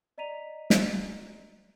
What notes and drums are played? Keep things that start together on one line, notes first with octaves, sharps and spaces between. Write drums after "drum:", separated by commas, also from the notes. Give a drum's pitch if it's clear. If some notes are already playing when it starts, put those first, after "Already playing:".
D5 D#5 A#5 B6 D#7 F7
drum: snare